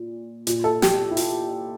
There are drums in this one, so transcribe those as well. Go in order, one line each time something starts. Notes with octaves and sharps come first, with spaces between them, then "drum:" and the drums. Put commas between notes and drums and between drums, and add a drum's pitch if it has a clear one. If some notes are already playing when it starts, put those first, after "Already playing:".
Already playing: A#2
A#2, drum: hi-hat
A4
G4, drum: snare
E4
F4, drum: open hi-hat